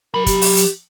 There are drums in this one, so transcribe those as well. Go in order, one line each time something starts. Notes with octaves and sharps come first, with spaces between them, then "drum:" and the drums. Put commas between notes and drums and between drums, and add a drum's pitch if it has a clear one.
F#3 A#4 B5
G4, drum: kick, hi-hat
drum: open hi-hat
drum: hi-hat